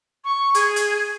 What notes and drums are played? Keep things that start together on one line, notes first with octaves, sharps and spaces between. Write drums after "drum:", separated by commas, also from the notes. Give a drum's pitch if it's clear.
C#6
G#4, drum: hi-hat
drum: hi-hat